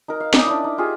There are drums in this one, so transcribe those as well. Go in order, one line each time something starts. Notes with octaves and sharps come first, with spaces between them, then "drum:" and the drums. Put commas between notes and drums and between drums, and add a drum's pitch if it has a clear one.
D#4 A#4
F5
C#4 D#4 D5 D#5, drum: snare
D4 E4
D#4
F4 G4 G#4